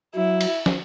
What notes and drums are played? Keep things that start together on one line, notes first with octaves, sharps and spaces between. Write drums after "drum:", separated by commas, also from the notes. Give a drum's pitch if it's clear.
F#3 E4
drum: cymbal
drum: snare